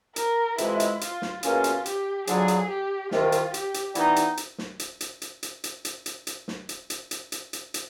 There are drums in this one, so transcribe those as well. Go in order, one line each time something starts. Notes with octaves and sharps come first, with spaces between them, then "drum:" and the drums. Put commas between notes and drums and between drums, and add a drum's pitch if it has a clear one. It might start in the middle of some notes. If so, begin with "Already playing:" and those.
A#4, drum: hi-hat
F2 C3 E3 G#3 E4, drum: hi-hat
drum: hi-hat
F4, drum: hi-hat
drum: snare
E2 B2 F#3 A#3 C#4 F4, drum: hi-hat
drum: hi-hat
G4, drum: hi-hat
F2 D3 F#3 G#4, drum: hi-hat
drum: hi-hat
G4
C2 C3 D#3 F4, drum: snare
drum: hi-hat
G4, drum: hi-hat
drum: hi-hat
E3 G3 B3 D#4, drum: hi-hat
drum: hi-hat
drum: hi-hat
drum: snare
drum: hi-hat
drum: hi-hat
drum: hi-hat
drum: hi-hat
drum: hi-hat
drum: hi-hat
drum: hi-hat
drum: hi-hat
drum: snare
drum: hi-hat
drum: hi-hat
drum: hi-hat
drum: hi-hat
drum: hi-hat
drum: hi-hat